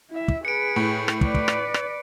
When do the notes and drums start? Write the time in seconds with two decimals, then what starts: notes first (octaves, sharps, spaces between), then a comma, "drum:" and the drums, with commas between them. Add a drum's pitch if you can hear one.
0.10 E4 E5
0.28 drum: kick
0.45 G#4 B4 C#7 D7
0.76 A2
1.08 drum: rim click
1.21 B4 D5, drum: kick
1.35 drum: kick
1.48 drum: rim click
1.74 drum: rim click